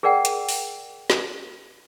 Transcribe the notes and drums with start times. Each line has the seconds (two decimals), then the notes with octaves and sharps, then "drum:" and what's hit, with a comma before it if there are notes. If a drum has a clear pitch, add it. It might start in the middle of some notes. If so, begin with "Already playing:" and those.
0.03 G#4 A#4 D5 F#5 G5
0.25 drum: hi-hat
0.49 drum: open hi-hat
1.10 drum: snare